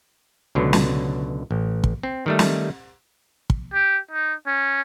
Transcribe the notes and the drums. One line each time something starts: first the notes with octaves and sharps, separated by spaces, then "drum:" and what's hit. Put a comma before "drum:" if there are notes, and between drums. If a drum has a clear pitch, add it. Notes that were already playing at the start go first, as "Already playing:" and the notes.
C#2 B2 D3 F#3
drum: snare
A1
drum: kick
C4
D#3 G3 A3
drum: snare
drum: kick
G4
D#4
C#4